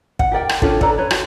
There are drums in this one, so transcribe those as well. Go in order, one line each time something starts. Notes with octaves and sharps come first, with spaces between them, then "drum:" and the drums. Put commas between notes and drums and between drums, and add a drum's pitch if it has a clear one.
F#5, drum: kick
G4 A#4 D5 G5
drum: rim click
C#4 D4 F4 A4, drum: kick
A4 B4 D5 A#5, drum: kick
B4 C#5
F#4, drum: rim click